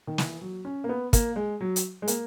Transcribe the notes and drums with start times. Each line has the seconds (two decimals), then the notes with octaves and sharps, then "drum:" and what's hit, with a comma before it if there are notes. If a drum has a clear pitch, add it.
0.07 D#3
0.18 E3, drum: snare
0.41 F#3
0.65 C#4
0.84 A#3
0.89 B3
1.13 A#3, drum: kick, hi-hat
1.36 G#3
1.61 F#3
1.76 drum: hi-hat
2.02 G#3
2.08 A#3, drum: hi-hat